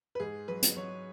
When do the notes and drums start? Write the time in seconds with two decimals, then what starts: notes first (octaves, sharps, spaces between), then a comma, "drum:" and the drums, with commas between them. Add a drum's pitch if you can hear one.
0.15 B4
0.20 G#2 G#4
0.48 F#3 B4
0.62 drum: hi-hat
0.77 F#3 C#5